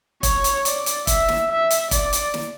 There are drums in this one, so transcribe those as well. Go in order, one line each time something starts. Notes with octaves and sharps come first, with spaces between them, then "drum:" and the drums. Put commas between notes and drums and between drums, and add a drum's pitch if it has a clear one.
C#5, drum: kick, hi-hat
drum: hi-hat
D5, drum: hi-hat
drum: hi-hat
E5, drum: kick, hi-hat
drum: snare
E5
drum: hi-hat
D5, drum: kick, hi-hat
drum: hi-hat
drum: snare